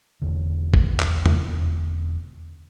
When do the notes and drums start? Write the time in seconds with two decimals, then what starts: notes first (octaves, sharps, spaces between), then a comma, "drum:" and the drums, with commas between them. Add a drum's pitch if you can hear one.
0.22 E1 A1 E2 D3
0.74 drum: kick
1.00 drum: clap
1.26 drum: tom E2